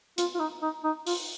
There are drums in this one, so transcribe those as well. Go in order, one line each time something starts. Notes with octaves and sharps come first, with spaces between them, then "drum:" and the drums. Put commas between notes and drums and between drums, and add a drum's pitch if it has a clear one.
F4, drum: hi-hat
F4
D#4
D#4
D#4
F4, drum: open hi-hat